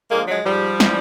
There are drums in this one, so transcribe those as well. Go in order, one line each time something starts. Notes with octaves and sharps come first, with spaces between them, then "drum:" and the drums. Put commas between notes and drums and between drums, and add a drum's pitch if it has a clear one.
D3 F3 G#3 A#3
F#3 G#3
G#2 F3 G3
E3, drum: snare